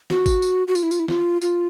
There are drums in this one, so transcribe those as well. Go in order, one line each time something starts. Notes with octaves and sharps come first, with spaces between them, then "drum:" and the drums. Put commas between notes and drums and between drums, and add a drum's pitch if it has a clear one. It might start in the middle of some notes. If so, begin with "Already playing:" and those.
F#4, drum: snare
drum: kick G#1, tambourine
drum: tambourine
F#4
F4, drum: tambourine
E4
F4, drum: tambourine
E4
F4, drum: snare
F4, drum: tambourine